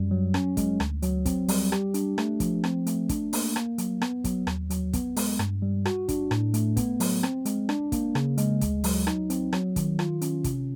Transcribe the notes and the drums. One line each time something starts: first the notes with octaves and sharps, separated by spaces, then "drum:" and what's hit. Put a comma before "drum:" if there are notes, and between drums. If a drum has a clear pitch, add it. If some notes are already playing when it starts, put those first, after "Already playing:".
Already playing: F#2 G3
F#3
C#4, drum: rim click
G#3, drum: kick, hi-hat
D2, drum: rim click
F#3, drum: hi-hat
C4, drum: kick, hi-hat
G3, drum: open hi-hat
G4, drum: rim click
D4, drum: hi-hat
A3, drum: rim click
F3, drum: kick, hi-hat
C4, drum: rim click
A3, drum: hi-hat
D4, drum: kick, hi-hat
A#3, drum: open hi-hat
A#3, drum: rim click
F#3, drum: hi-hat
B3, drum: rim click
F#3, drum: kick, hi-hat
D#2, drum: rim click
F#3, drum: hi-hat
B3, drum: kick, hi-hat
G#3, drum: open hi-hat
G2, drum: rim click
G3
F#4, drum: rim click
D4, drum: kick, hi-hat
A2, drum: rim click
A3, drum: hi-hat
B3, drum: kick, hi-hat
F#3, drum: open hi-hat
C4, drum: rim click
G#3, drum: hi-hat
D4, drum: rim click
A#3, drum: kick, hi-hat
C#3, drum: rim click
G#3, drum: hi-hat
D2, drum: kick, hi-hat
F#3, drum: open hi-hat
D#4, drum: rim click
C4, drum: hi-hat
F#3, drum: rim click
D#3, drum: kick, hi-hat
F4, drum: rim click
C#4, drum: hi-hat
C3, drum: kick, hi-hat